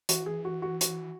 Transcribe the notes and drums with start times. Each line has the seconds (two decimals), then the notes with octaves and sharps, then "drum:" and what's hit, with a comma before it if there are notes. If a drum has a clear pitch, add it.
0.09 E3 F#4, drum: hi-hat
0.26 G#4
0.45 F#4
0.62 F#4
0.81 F#4, drum: hi-hat